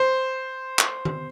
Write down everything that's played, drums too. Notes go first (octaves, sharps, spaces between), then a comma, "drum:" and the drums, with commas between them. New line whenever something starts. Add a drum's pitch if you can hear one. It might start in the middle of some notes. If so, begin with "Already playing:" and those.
Already playing: C5
drum: clap
drum: tom D#3